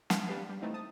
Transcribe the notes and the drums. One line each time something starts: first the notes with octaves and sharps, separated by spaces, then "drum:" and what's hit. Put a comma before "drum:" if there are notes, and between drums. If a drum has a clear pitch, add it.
F5, drum: snare
B3 D4 G4 B4 F5
G3
E3 A3 C4 D#4
A5 D#6